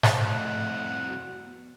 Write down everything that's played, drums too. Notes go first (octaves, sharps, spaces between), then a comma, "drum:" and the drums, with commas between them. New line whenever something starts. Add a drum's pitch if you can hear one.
drum: snare G#2
C2 F2 A3 F#5
F#4
B3